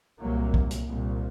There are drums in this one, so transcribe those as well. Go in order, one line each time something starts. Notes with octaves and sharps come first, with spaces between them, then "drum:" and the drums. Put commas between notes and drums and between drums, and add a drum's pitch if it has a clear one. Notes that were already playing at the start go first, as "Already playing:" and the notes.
C2 A#2 F#3 A#3
drum: kick
drum: hi-hat
C2 A#2